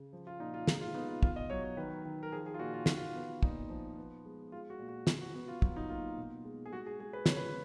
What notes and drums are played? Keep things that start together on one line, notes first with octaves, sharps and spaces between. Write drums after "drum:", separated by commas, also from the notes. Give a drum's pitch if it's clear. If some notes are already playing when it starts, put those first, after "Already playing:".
Already playing: C#3
F3
F4
A#2 D#4
F4
G#3 D#4, drum: snare
F4
B3 D#4
F4
B2 F4, drum: kick
D#5
F#3 C#5
C#5
D#3 B4
D#3
A#4
F3 G#4
G#4
F4
A#2 F#4
F4
D#3 F#4, drum: snare
F4
B3
A#2 D#4, drum: kick
F3
B3
G#3
G#3 F4
F#4
A#2
F#4
C#3 G#4, drum: snare
F#4
B3 F#4
F4
F#3 F4, drum: kick
D#4
A#3 F4
B2
G#3
G#4
G#3 F#4
G#4
G#3 G#4
B4
C#3 C#5, drum: snare
B4